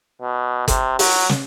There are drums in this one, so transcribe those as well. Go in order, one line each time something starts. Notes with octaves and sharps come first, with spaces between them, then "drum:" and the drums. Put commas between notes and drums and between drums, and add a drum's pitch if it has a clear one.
B2
C3, drum: kick, hi-hat
F#3, drum: open hi-hat
drum: snare